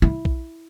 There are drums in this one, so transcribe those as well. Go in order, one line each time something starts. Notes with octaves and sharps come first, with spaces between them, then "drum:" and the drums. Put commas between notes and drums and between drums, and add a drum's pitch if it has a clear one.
E4
drum: kick